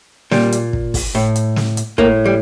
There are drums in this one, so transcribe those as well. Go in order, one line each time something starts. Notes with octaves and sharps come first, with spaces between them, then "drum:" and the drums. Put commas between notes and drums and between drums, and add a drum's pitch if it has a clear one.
A#2 G3, drum: snare
drum: hi-hat
drum: kick
drum: kick, open hi-hat
A2
drum: hi-hat
drum: snare
drum: hi-hat
A2 A#3, drum: kick
G3